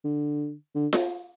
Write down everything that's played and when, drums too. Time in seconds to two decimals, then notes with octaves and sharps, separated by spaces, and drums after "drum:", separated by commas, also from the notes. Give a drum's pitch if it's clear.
0.04 D3
0.75 D3
0.93 drum: snare F4